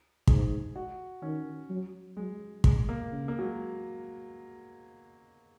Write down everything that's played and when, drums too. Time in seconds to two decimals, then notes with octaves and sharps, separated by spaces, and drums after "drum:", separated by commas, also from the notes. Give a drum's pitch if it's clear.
0.27 G#2 G#4, drum: kick
0.76 F#4
1.22 D#3 C#4
1.70 F#3
2.17 F#3 G#3
2.64 G#3, drum: kick
2.89 A#3
3.12 C#3
3.28 A#3
3.39 F#3
3.43 G#3